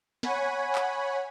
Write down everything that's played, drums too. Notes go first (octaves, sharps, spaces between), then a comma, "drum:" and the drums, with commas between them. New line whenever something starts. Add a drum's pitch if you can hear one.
C#5 F#5 G#5 B5, drum: snare
drum: clap